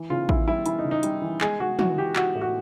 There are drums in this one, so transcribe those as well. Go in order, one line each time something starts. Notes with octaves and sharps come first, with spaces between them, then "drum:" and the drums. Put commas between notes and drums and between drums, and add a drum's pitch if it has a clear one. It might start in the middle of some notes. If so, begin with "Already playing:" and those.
Already playing: E3
C#3 F4
E3 E4, drum: kick A1
G3 E4
E3 E4, drum: hi-hat
D#4
C#3
D#4
G3, drum: hi-hat
E3
G#3 G#4, drum: clap
G#3 F#4
E3 F#4, drum: tom
E3 G4
G#3 F#4, drum: clap
A2
F#4